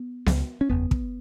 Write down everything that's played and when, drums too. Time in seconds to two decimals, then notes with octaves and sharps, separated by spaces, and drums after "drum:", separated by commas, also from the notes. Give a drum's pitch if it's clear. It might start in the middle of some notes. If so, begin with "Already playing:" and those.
Already playing: B3
0.26 C#2 C#3, drum: snare B3
0.61 C#4
0.69 F#1 E2 C#3 B3
0.91 drum: kick